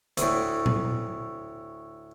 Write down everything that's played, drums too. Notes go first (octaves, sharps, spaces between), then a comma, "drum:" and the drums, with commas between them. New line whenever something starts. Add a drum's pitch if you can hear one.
D2 A2, drum: hi-hat
drum: tom A#2